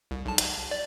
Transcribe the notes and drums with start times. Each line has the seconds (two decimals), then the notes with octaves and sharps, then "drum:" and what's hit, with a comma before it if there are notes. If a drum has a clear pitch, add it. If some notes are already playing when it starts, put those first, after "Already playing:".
0.11 C2
0.26 B1 A5
0.38 drum: hi-hat
0.71 D5